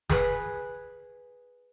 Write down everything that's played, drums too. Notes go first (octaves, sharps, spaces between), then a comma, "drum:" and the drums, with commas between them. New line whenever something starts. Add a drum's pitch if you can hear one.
G#4 B4, drum: snare